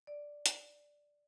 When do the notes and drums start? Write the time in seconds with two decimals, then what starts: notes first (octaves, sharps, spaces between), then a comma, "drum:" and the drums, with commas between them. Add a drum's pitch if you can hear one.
0.07 D5
0.46 drum: hi-hat